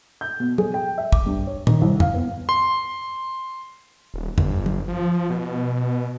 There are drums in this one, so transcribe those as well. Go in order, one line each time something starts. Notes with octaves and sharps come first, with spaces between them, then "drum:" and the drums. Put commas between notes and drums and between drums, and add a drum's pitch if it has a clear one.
G6
B2
G#4, drum: tom
G5
E5
D6, drum: kick
G2
C#5
D#3, drum: tom
C2
F5, drum: tom F2
B3
C6
D#1
G1, drum: tom F2
drum: tom
F3
B2